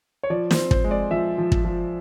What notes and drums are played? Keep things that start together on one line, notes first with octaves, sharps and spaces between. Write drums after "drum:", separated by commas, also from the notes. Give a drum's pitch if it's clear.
C#5
F3 D5
C5, drum: snare
C4
C5, drum: kick
G#3
D5
F3 E5
F3
drum: kick
F3